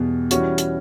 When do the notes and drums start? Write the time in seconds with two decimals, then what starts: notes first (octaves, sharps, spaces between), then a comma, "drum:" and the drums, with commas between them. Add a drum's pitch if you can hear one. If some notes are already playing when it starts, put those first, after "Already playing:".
Already playing: E2 B2 G3 B3
0.31 E3 G3 C#4 F#4, drum: hi-hat
0.58 drum: hi-hat